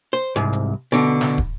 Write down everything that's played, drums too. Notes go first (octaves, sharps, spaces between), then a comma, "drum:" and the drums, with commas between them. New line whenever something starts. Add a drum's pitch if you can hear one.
C5
C2 G#2
drum: hi-hat
B2 D3
drum: snare
drum: kick